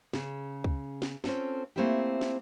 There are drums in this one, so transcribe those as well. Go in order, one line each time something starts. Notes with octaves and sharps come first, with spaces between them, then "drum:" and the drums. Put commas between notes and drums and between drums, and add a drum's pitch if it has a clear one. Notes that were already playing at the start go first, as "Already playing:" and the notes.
C#3, drum: snare
drum: kick C#2
drum: snare
C4 C#4 F4 A4, drum: snare
A3 A#3 C4 E4 F4 G4
drum: snare